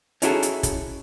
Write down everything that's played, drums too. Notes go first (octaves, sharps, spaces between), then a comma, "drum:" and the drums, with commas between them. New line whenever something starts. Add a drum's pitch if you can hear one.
C#4 D#4 E4 F#4 G#4 A4, drum: hi-hat
drum: hi-hat
drum: kick, hi-hat